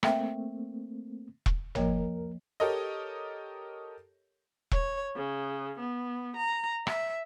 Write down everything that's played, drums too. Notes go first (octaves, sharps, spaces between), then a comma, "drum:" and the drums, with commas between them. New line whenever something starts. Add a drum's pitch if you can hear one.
A3 A#3 C4 E5 F5 G5, drum: rim click
drum: kick E1
C2 F2 F3 A#3 A#4 C#5, drum: tom
G4 A4 A#4 C#5 D#5
C#5, drum: kick E1
C#3
B3
A#5
E5, drum: rim click